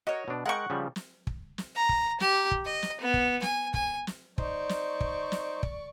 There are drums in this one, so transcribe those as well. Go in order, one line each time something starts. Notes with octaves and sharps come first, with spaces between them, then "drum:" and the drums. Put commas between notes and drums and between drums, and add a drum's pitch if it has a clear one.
F#4 A#4 C#5 D#5
B2 D4
G#3 A#4 F#5 G5 C#6
C#3 F3 G3
drum: snare
drum: kick
drum: snare
A#5
drum: kick
G4, drum: snare
drum: kick
D#5
drum: snare
B3
drum: kick
G#5, drum: snare
G#5, drum: kick
drum: snare
D#4 C5 D5 C#6, drum: kick
drum: snare
drum: kick
drum: snare
drum: kick